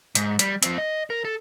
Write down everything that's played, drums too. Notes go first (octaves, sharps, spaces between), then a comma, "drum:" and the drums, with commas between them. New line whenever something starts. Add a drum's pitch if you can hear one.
G#2, drum: hi-hat
G3, drum: hi-hat
F3 C4, drum: hi-hat
D#5
A#4
A4